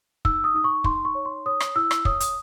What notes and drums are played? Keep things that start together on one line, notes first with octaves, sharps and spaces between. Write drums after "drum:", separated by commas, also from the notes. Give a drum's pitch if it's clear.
D#4 E6, drum: kick
D#6
D#4 D#6
C#6
D#4 C6, drum: kick
C#6
C#5
C6
C#5 D#6
drum: rim click
E4 E6
drum: rim click
C#5 D#6, drum: kick
D#6, drum: hi-hat